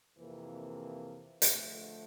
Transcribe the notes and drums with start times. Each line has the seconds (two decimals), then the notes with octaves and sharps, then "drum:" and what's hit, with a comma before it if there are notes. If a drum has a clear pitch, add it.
0.18 F2 C3 E3 A#3
1.42 drum: hi-hat
1.53 D3 F3 A3